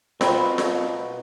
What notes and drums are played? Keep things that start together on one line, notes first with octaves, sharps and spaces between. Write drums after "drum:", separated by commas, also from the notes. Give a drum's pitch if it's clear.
B2 C4 D4 F4 A#4 B4 E5, drum: snare F4
drum: snare F4